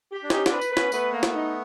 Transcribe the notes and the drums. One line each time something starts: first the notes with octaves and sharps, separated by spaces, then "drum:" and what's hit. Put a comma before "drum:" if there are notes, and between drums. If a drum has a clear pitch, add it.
G4
D4
C#4 D#4 G4, drum: snare
C4 D4, drum: snare
B4
drum: tambourine
B4
B3 C#4, drum: snare
A3 B3 B4, drum: tambourine
A#3
drum: snare
D#4